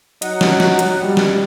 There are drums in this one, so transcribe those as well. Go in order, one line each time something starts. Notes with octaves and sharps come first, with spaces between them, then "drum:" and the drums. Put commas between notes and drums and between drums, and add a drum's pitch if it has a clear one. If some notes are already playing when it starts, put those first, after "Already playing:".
F#3 D#4 F#5, drum: hi-hat
drum: snare
drum: snare
drum: hi-hat
G3
drum: snare